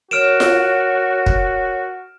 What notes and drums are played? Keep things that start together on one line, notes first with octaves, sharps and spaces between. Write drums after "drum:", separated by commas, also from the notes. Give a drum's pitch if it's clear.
F#4 A#4 C#5 F6 D7 E7
drum: snare F4
drum: kick